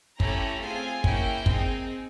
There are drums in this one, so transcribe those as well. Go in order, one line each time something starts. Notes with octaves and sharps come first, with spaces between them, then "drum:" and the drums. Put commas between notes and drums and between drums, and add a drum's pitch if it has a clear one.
A3 C#4 E4 G4 A#5, drum: kick
C4 F4 G#4 G#5
A#3 C#4 E4 G5, drum: kick
C4 D#4 G#4, drum: kick